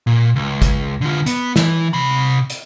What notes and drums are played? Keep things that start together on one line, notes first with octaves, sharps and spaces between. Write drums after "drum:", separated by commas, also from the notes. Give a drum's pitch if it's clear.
A#2
C#2
drum: kick G1, hi-hat
D3 F4
B3, drum: hi-hat
E3, drum: snare
C3 B5
drum: hi-hat